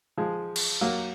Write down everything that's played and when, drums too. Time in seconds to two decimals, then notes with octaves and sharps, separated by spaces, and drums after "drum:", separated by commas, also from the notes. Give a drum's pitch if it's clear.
0.17 F3 G#3
0.56 drum: cymbal
0.81 F#3 A#3